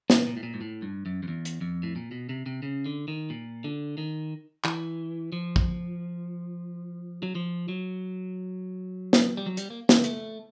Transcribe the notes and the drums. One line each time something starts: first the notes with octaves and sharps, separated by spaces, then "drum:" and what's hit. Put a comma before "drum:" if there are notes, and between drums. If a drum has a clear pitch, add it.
A#2, drum: snare
A#2
A2
A#2
G#2
A2
G2
F#2
F2
E2
drum: hi-hat
F2
A2
A#2
B2
C3
C3
C#3
D3
D#3
A#2
D3
D#3
E3, drum: clap
F3
drum: kick
F#3
F3
F#3
drum: snare
G3
F#3
G3, drum: hi-hat
A#3
A#3, drum: snare
A3, drum: hi-hat